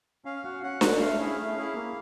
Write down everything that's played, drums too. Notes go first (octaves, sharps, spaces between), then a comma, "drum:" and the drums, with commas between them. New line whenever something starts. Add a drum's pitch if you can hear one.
C#4 F5
F#4
C#4 F#5
F#4, drum: snare D4
A3 F5
C#4 E4 G#4
A3
C#4 E4 G#4
A#3